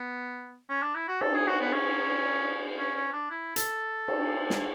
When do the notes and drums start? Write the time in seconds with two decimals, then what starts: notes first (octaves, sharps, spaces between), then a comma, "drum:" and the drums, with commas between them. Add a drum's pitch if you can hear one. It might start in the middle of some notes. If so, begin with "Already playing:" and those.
Already playing: B3
0.69 C#4
0.82 D4
0.95 E4
1.08 F#4
1.21 A4, drum: cymbal
1.34 G#4
1.47 F#4
1.61 B3
1.73 C#4
2.78 C#4
2.95 C#4
3.12 D4
3.30 E4
3.56 A4, drum: hi-hat
4.08 drum: cymbal
4.50 drum: snare